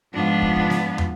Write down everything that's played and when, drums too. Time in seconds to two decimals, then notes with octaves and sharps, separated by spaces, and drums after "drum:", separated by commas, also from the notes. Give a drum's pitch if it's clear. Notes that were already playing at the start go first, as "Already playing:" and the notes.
0.14 G#2 F3 B3 D4 F4
0.42 drum: kick
0.56 drum: kick
0.70 drum: snare
0.98 drum: tom